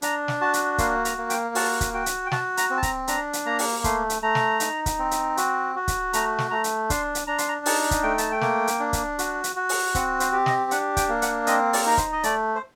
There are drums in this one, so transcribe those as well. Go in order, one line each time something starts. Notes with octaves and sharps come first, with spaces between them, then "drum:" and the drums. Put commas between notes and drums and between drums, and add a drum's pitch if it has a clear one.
D4 A#5, drum: hi-hat
drum: snare
F#4 A5
drum: hi-hat
A#3 C6, drum: kick, hi-hat
A#5, drum: hi-hat
A#3
G5, drum: hi-hat
F#4 A5, drum: open hi-hat
drum: kick, hi-hat
F#4 G5
drum: hi-hat
G5
F#4 A5, drum: snare
A#5, drum: hi-hat
C4
A5
A#5, drum: kick, hi-hat
D4 A#5, drum: hi-hat
drum: hi-hat
A#3 A#5
drum: open hi-hat
A3 C6, drum: kick, hi-hat
drum: hi-hat
A3 A#5
drum: snare
D#4, drum: hi-hat
drum: kick, hi-hat
C4
drum: hi-hat
F#4, drum: hi-hat
F#4
drum: kick, hi-hat
A3 A#5, drum: hi-hat
drum: snare
A3 A#5
drum: hi-hat
D4 C6, drum: kick, hi-hat
drum: hi-hat
D4 A#5
C6, drum: hi-hat
A#5
D#4 A5, drum: open hi-hat
drum: kick, hi-hat
A3 G5
A5, drum: hi-hat
G5
A#3, drum: snare
drum: hi-hat
D4
drum: kick, hi-hat
F#4, drum: hi-hat
drum: hi-hat
F#4
drum: open hi-hat
C4 F#5, drum: kick, hi-hat
C5, drum: hi-hat
G4
D#5, drum: snare
D4 F#5, drum: hi-hat
G5, drum: kick, hi-hat
A#3
F#5, drum: hi-hat
C4 D#5, drum: hi-hat
D5, drum: open hi-hat
D#4 A#4
C5, drum: kick, hi-hat
D#5
A3 D5, drum: hi-hat
C5